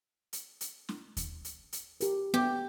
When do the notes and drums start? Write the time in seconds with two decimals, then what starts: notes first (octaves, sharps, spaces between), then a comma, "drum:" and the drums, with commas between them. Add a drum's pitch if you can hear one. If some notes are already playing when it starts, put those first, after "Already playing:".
0.33 drum: hi-hat
0.61 drum: hi-hat
0.89 drum: snare
1.17 drum: kick D#2, hi-hat
1.45 drum: hi-hat
1.73 drum: hi-hat
2.01 G4 A#4, drum: hi-hat
2.34 B3 G4